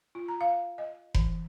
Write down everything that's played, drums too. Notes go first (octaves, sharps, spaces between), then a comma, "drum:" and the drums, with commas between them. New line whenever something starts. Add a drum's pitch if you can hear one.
F4
A#5
F5
D#5
E3, drum: kick F1